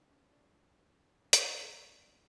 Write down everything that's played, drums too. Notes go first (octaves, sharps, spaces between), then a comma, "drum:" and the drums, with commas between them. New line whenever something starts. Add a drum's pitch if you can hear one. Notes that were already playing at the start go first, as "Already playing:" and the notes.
Already playing: F#1 F2 D3 F3 D4 D5
C#4 C#5
D4 D5
drum: hi-hat
G1 F#2 C#3 D4 D5
C#5
D4 D5